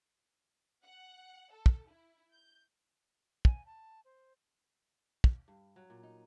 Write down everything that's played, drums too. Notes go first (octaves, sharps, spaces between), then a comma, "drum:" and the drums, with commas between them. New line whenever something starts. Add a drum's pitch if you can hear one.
F#5
A4
drum: kick
E4
G6
G#5, drum: kick
A5
C5
drum: kick
G2
F#3
A#2
D#4